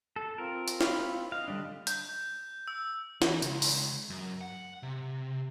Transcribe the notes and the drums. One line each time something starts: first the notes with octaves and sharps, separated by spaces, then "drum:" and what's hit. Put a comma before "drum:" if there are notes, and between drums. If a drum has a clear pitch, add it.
A4
C4 F4 A#4
drum: hi-hat
F5 B5, drum: snare
D#5 F5
D3 G3 D4
G6, drum: hi-hat
E6
E3, drum: snare
C#2, drum: hi-hat
drum: open hi-hat
F#2
F#5
C3